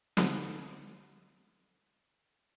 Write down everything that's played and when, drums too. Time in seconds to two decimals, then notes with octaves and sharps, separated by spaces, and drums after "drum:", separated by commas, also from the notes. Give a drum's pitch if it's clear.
0.17 D3 B3 D#4, drum: snare